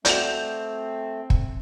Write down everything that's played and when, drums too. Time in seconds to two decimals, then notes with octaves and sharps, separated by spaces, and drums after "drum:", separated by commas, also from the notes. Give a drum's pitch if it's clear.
0.05 A3 C4 F#4 D5 G6 E7 F7, drum: hi-hat
1.30 drum: kick